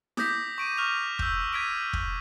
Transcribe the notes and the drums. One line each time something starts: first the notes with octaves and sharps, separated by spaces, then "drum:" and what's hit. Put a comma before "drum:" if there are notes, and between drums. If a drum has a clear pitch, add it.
D6 D#6 G6 A#6 B6, drum: snare E4
C#6 D7 D#7
C#6 F6 F7
E6 G6, drum: kick
E6 G#6 B6 D7 D#7
drum: kick